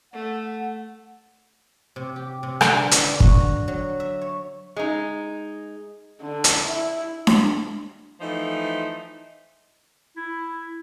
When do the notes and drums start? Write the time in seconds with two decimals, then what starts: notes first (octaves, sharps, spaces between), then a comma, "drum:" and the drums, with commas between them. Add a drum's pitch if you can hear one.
0.13 A3 F#5
1.96 C3
2.16 G4
2.43 C3
2.61 D3, drum: rim click
2.76 B3
2.91 drum: hi-hat
3.06 D3
3.20 F#4, drum: kick
3.41 A#5
3.68 F#3
4.00 E5
4.21 C#5
4.76 G#3 D#4
6.21 D3
6.44 drum: hi-hat
6.66 E4
7.27 drum: snare D4
8.21 E3 F3 A3 D#4
10.17 E4